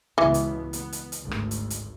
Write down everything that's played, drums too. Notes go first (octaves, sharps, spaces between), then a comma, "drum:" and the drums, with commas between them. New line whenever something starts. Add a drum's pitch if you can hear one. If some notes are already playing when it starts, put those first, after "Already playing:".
C#2 B2 E3 B3
drum: hi-hat
B3, drum: hi-hat
drum: hi-hat
drum: hi-hat
G#1 D2
drum: rim click
drum: hi-hat
drum: hi-hat